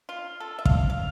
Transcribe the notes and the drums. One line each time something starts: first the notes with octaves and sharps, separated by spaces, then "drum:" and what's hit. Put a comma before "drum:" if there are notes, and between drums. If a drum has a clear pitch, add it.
F4
A4
E5
F5, drum: kick
F5